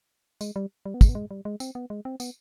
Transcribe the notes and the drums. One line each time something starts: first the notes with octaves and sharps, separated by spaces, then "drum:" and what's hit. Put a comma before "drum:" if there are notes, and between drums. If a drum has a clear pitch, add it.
G#3, drum: tambourine
G3
G3
B3
G#3, drum: kick, tambourine
B3
G#3
G3
G#3
C4, drum: tambourine
B3
G#3
C4
B3, drum: tambourine